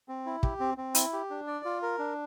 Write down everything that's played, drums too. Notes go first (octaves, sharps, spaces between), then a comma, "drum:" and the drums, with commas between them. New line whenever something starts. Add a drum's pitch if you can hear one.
C4
E4
G4, drum: kick
C4
C4
E4, drum: hi-hat
G4
D4
D5
F4
A#4
D4